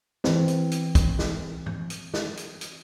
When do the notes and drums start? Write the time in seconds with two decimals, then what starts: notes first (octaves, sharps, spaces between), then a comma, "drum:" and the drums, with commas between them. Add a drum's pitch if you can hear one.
0.24 E3 C4, drum: snare
0.48 drum: hi-hat
0.71 drum: hi-hat
0.95 drum: kick, hi-hat
1.19 drum: snare
1.66 drum: tom
1.90 drum: hi-hat
2.14 drum: snare
2.37 drum: hi-hat
2.61 drum: hi-hat